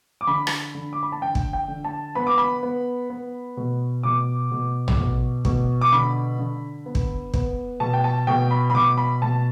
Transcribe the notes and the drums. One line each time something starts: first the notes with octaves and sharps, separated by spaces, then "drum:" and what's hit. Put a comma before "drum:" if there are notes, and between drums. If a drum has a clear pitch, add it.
D6
D3 B5
drum: rim click
D3
D6
B5
A5
D3 G5
drum: kick
G5
D3
A5
B3 B5
D6
B5
B3
B3
B2
B2 D6
B2
drum: tom A#1
B2
B2, drum: kick
D6
D3 B5
D3
B3
drum: kick
B3, drum: kick
B2 A5
G5
A5
B2 G5
B5
B5
B2 D6
B5
B2 A5